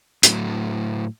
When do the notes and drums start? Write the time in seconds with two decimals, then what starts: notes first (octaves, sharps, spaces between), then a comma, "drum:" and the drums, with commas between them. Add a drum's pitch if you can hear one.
0.23 A2 F#3, drum: hi-hat